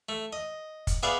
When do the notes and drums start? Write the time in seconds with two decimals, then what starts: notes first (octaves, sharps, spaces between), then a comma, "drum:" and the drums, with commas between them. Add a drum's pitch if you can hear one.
0.09 A3
0.33 D#5
0.87 drum: kick, hi-hat
1.03 B3 G#4 D5 E5 F5